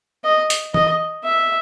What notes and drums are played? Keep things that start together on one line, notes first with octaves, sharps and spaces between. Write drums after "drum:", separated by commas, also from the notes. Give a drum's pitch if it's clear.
D#5
drum: hi-hat
D#5, drum: tom E3
E5